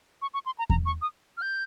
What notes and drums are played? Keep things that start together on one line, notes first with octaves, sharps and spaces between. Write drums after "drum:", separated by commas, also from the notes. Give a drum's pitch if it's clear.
C#6
C#6
C6
A#5
A#5, drum: kick E2
C#6
D#6
F6
G6